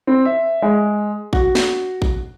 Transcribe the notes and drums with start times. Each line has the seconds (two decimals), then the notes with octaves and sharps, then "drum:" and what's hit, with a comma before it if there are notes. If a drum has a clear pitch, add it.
0.07 C4
0.25 E5
0.62 G#3
1.33 F#4, drum: kick A1
1.55 drum: snare
2.02 drum: kick A1